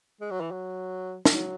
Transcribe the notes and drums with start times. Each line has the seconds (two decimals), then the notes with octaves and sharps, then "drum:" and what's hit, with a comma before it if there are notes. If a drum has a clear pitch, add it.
0.21 G#3
0.31 F#3
0.41 E3
0.51 F#3
1.25 F#3, drum: snare